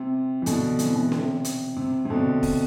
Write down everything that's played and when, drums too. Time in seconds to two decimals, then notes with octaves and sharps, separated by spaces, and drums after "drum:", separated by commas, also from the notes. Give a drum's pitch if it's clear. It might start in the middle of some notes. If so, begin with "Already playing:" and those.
Already playing: C3
0.42 E3
0.46 B2 D3, drum: hi-hat
0.79 C3 E3, drum: hi-hat
0.95 B2 D3
1.12 C3, drum: snare C#4
1.45 drum: hi-hat
1.77 C3
2.05 C3
2.10 B2 D3
2.43 drum: kick E1, open hi-hat